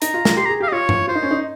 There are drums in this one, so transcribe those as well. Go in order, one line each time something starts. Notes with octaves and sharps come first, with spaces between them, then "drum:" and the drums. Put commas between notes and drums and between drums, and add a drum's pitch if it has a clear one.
D#4 A#5, drum: hi-hat
F4
F4, drum: snare
G4 C6
A#5
G#4
G4 F5
D#5
F4 C#5
drum: tom G2
F4 C5
D#4
C#4
D#4